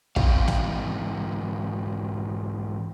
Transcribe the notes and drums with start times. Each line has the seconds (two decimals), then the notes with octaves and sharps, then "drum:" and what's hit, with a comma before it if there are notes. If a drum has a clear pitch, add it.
0.16 G#2 E3 C4 F5, drum: kick
0.48 drum: snare